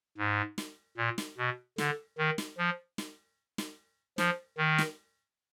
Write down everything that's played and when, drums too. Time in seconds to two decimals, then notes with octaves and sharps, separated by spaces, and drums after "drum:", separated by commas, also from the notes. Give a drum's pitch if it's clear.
0.17 G#2
0.58 drum: snare
0.97 A#2
1.18 drum: snare
1.38 B2
1.78 D3, drum: snare
2.18 D#3
2.38 drum: snare
2.58 F3
2.98 drum: snare
3.58 drum: snare
4.18 F3, drum: snare
4.58 D#3
4.78 drum: snare